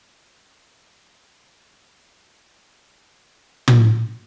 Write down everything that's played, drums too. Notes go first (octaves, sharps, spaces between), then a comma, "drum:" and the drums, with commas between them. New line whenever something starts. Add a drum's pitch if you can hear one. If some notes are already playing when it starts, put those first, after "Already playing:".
D4 E4 G4 G#4 A#4
C#4 E5
A3 B3 D4 G4 A#4 C#5
drum: tom